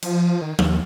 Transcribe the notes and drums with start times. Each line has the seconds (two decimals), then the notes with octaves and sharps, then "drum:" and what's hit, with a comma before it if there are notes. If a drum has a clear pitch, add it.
0.02 F3, drum: cymbal
0.42 D#3
0.59 D#2, drum: tom F3